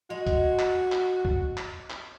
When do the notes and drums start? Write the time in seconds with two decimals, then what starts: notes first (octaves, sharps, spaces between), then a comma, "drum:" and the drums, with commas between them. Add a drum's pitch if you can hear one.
0.10 G#3 F#4
0.27 drum: kick, hi-hat
0.59 drum: clap
0.92 drum: clap
1.25 drum: kick
1.57 drum: clap
1.90 drum: clap